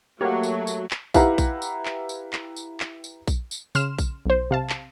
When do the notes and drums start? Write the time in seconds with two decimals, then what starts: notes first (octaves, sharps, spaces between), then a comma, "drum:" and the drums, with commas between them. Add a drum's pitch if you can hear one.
0.21 F#3 A3 A#3 G4 C#5 F#5
0.43 drum: tambourine
0.67 drum: tambourine
0.91 drum: clap
1.14 E4 G4 B4 F5 F#5 A#5, drum: kick A#1, tambourine
1.38 drum: kick A#1, tambourine
1.62 drum: tambourine
1.85 drum: clap
2.09 drum: tambourine
2.33 drum: clap
2.56 drum: tambourine
2.80 drum: clap
3.04 drum: tambourine
3.27 drum: kick A#1, tambourine
3.51 drum: tambourine
3.75 C#3 C6 F6 E7, drum: tambourine
3.99 drum: kick A#1, tambourine
4.25 B1 C5
4.51 C3 F5 A5
4.70 drum: clap